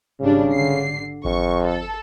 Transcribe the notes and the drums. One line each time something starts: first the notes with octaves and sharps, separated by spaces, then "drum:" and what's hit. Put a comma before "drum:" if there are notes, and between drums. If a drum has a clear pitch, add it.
G#1 C#3 G3 D4
D3 C7
F2 C#6, drum: kick G#1
A4